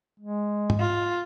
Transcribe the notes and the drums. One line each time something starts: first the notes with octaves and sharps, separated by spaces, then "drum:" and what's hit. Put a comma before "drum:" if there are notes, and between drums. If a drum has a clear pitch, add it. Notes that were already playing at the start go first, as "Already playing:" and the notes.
G#3
drum: tom G#2
F4